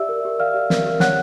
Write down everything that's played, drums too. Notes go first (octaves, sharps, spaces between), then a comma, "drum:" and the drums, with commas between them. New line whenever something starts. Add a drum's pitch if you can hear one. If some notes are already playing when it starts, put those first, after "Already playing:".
Already playing: G4 D5 E5 E6
A#4
G4
D5 F5 F6
G4
A#4, drum: snare
G4
C#5 F#5 F#6, drum: snare